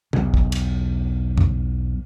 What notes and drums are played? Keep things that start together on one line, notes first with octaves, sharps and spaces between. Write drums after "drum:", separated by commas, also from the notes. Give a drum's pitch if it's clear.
B1 E2, drum: tom
drum: kick
drum: cymbal
drum: tom